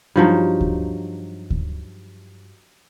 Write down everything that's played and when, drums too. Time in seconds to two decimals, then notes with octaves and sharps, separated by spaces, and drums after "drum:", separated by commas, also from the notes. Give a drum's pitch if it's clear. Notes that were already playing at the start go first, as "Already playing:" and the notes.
0.16 G2 F3 F#3 D#4
0.61 drum: kick D2
1.50 drum: kick D2